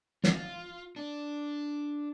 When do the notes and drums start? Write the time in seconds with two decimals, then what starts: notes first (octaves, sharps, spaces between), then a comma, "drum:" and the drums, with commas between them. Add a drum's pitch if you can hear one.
0.24 F4, drum: snare
0.96 D4